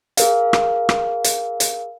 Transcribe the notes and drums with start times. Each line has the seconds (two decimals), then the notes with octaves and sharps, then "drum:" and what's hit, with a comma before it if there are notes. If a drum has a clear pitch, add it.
0.17 G#4 A#4 F5, drum: hi-hat
0.53 drum: rim click
0.89 drum: rim click
1.24 drum: hi-hat
1.60 drum: hi-hat